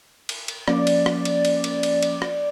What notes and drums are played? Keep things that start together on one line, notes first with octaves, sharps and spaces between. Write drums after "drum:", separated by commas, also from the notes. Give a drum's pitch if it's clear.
drum: cymbal
drum: cymbal
F3 A#3 C#4 D5, drum: rim click
drum: cymbal
drum: rim click
drum: cymbal
drum: cymbal
drum: cymbal
drum: cymbal
drum: cymbal
drum: rim click